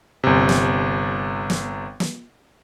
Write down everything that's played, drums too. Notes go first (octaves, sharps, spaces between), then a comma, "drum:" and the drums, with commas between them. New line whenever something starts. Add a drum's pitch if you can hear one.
G1 C3
drum: snare
drum: snare
drum: snare